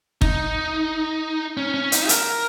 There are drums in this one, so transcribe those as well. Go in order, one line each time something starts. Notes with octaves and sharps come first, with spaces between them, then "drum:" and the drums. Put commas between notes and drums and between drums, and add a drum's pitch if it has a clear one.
D#4, drum: kick
C#4
C#4
D#4, drum: hi-hat
A#4, drum: hi-hat